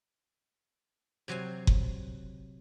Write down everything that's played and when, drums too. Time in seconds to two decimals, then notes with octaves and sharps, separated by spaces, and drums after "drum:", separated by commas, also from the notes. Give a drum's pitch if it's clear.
1.28 C3 F#3 C5 G#5
1.67 drum: kick F#1